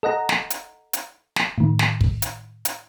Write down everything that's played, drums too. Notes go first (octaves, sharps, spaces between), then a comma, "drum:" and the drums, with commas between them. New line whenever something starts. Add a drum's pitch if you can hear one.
A4 D#5 F#5 A#5
drum: snare
drum: hi-hat
drum: hi-hat
drum: snare
A2 D#3
drum: snare
drum: kick
drum: hi-hat
drum: hi-hat